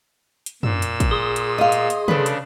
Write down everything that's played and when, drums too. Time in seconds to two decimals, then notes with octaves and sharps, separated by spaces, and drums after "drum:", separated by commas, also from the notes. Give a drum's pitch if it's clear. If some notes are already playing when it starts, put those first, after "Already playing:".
0.46 drum: hi-hat
0.63 A#2 E6, drum: tom
0.82 drum: hi-hat
1.00 drum: kick, hi-hat
1.11 G#4 C6 D#6
1.36 drum: hi-hat
1.58 D#5 F5
1.72 drum: hi-hat
1.90 drum: hi-hat
2.08 C#3 D4 A4 B4, drum: tom
2.26 drum: hi-hat